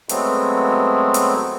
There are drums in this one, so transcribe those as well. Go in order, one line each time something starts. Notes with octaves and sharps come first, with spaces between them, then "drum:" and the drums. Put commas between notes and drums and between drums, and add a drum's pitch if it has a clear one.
F#3 G#3 A3 B3 C4, drum: hi-hat
drum: hi-hat